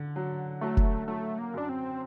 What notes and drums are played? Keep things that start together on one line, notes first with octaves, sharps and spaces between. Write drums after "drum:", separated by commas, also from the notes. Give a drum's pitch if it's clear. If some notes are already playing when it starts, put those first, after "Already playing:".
Already playing: D3
F#3
F#3 A3
drum: kick F1
F#3 A3
A#3
F#2 D4
C4